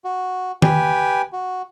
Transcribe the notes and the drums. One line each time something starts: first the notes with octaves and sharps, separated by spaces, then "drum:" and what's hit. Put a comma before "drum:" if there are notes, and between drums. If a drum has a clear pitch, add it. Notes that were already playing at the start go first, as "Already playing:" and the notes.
F#4
G4 B4 G5 G#5, drum: tom D#3
F#4